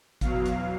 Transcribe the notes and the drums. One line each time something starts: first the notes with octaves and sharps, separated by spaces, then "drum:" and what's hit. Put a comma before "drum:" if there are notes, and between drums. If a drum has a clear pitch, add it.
E2 B2 F#3 F5, drum: kick, hi-hat
drum: hi-hat